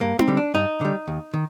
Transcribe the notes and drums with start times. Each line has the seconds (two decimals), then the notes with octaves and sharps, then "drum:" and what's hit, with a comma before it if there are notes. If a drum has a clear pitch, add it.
0.01 G2 A#3
0.19 C4, drum: tom D#4
0.28 D3 G3
0.37 D4
0.54 G2 D#4
0.81 D3 G3
1.08 D#2
1.34 D#3